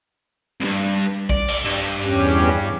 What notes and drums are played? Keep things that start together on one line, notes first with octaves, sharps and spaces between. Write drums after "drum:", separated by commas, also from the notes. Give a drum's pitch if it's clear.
C2 G2
D5, drum: kick
drum: cymbal
G2
E2 C#4 G4, drum: hi-hat